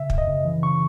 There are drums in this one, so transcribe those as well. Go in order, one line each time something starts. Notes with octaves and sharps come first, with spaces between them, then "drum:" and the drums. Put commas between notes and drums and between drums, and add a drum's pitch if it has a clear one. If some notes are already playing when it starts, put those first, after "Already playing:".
Already playing: C#3 E5
F#2, drum: kick
D#5
C#3
E3
C#3 C#6